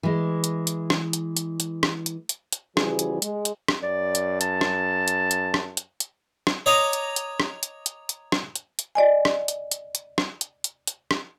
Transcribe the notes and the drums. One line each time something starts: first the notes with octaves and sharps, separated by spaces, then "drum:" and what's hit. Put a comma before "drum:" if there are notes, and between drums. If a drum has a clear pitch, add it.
E3 G#3
drum: hi-hat
drum: hi-hat
drum: rim click
drum: hi-hat
drum: hi-hat
drum: hi-hat
drum: rim click
drum: hi-hat
drum: hi-hat
drum: hi-hat
C#3 E3 F3 G3 F#4 G#4, drum: rim click
drum: hi-hat
G#3, drum: hi-hat
drum: hi-hat
drum: rim click
F#2 D5
drum: hi-hat
A5, drum: hi-hat
drum: rim click
drum: hi-hat
drum: hi-hat
drum: rim click
drum: hi-hat
drum: hi-hat
drum: rim click
C#5 D#5 A#5 D6 D#6
drum: hi-hat
drum: hi-hat
drum: rim click
drum: hi-hat
drum: hi-hat
drum: hi-hat
drum: rim click
drum: hi-hat
drum: hi-hat
D5 D#5 G#5
drum: rim click
drum: hi-hat
drum: hi-hat
drum: hi-hat
drum: rim click
drum: hi-hat
drum: hi-hat
drum: hi-hat
drum: rim click